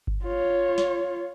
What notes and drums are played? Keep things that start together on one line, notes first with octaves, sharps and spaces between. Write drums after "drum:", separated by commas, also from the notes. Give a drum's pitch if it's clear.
drum: kick G1
F4 C#5
drum: snare